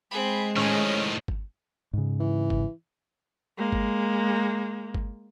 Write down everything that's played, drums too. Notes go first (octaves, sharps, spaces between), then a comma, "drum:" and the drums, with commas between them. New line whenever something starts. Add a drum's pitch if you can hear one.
G#3 C4 G#4 B5
A2 D#3 C#4 C5 D#5
drum: kick G1
G#2 C#3
E3
drum: kick G1
G#3 A#3
drum: kick G1
drum: kick G1